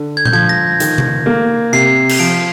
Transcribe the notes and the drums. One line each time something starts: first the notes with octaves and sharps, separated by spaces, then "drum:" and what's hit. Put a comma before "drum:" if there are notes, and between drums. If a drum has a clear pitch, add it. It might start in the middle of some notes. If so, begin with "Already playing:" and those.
Already playing: D3
G#6
G6, drum: tom A#2
F3 G#6
A#6
D#3, drum: hi-hat
drum: tom C3
A#3
C3 C7
drum: cymbal
F3 D7